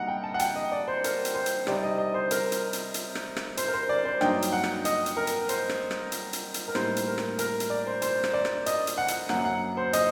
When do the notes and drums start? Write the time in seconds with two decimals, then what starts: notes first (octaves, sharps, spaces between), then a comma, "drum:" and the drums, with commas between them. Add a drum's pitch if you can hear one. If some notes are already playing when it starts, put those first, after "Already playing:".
Already playing: C3 G3 A#3 D#4 F#5 A#5
0.08 G5
0.24 A5
0.34 F#5
0.39 G5, drum: hi-hat
0.56 D#5
0.72 D5
0.88 C5
1.04 A#4, drum: hi-hat
1.25 drum: hi-hat
1.35 C5
1.46 drum: hi-hat
1.67 C3 G3 C4 D#4 D5, drum: rim click
1.83 D#5
1.98 D#5
2.14 C5
2.31 A#4, drum: hi-hat
2.52 drum: hi-hat
2.73 drum: hi-hat
2.94 drum: hi-hat
3.15 drum: rim click
3.37 drum: rim click
3.57 C5, drum: hi-hat
3.68 A#4
3.74 C5
3.89 D5
4.05 C5
4.21 G2 F#3 A#3 D#4 G5, drum: rim click
4.42 drum: hi-hat
4.53 F#5
4.64 drum: rim click
4.85 D#5, drum: hi-hat
5.06 drum: hi-hat
5.17 A#4
5.27 drum: hi-hat
5.49 C5, drum: hi-hat
5.69 drum: rim click
5.91 drum: rim click
6.12 drum: hi-hat
6.33 drum: hi-hat
6.54 drum: hi-hat
6.68 A#4
6.75 A2 G3 A#3 D#4 C5, drum: rim click
6.96 drum: hi-hat
7.07 A#4
7.18 drum: rim click
7.39 A#4, drum: hi-hat
7.60 drum: hi-hat
7.70 D5
7.87 C5
8.02 C5, drum: hi-hat
8.24 drum: rim click
8.34 D5
8.45 drum: rim click
8.66 D#5, drum: hi-hat
8.87 drum: hi-hat
8.98 F#5
9.08 drum: hi-hat
9.29 F#2 F#3 A#3 F#5, drum: rim click
9.45 F#5
9.77 C5
9.93 D#5, drum: hi-hat